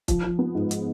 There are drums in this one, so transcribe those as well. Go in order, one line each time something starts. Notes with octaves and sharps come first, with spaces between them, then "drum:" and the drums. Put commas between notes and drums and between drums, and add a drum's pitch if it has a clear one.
F3, drum: kick, hi-hat
F3
B3
G#2
drum: hi-hat